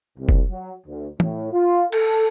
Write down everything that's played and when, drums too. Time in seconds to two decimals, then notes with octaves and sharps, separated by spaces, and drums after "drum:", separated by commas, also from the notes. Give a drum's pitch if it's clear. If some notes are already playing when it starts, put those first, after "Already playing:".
0.18 C2
0.29 drum: kick F1
0.50 F#3
0.87 D2
1.20 A2, drum: tom
1.52 F4
1.92 A4, drum: cymbal